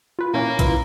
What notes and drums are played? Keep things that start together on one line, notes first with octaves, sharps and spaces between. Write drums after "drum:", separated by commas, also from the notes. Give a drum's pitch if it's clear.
F4 B4
A#2 E3 A#3 C#4
E4 F4 B4, drum: kick A#1, hi-hat